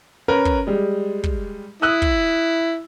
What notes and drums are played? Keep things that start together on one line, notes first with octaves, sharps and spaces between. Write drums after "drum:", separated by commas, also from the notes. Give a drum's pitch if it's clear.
C#4 A#4 B4
drum: kick
G3 G#3
drum: kick
E4 D#6 E6 F#6
drum: kick